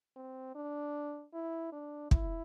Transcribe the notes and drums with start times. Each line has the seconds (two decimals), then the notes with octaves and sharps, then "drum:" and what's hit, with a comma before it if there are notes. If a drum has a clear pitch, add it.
0.16 C4
0.55 D4
1.34 E4
1.72 D4
2.11 E4, drum: kick